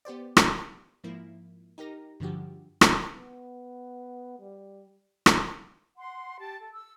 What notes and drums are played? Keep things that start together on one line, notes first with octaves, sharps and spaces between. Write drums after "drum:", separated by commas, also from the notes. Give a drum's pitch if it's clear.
B3 G4 C5 D5
drum: rim click
G#2 F3 A#3 E4
D#4 G4 A#4 A#6
G2 D3 F3 F#4 G4
drum: rim click
B3
G3
drum: rim click
F#5 C6
G4 A5
A4
E6